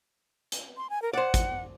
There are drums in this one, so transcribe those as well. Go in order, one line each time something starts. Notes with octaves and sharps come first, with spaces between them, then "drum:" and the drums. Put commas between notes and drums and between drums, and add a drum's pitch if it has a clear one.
drum: hi-hat
C6
G#5
A#4
C5 D5 F#5
drum: kick, hi-hat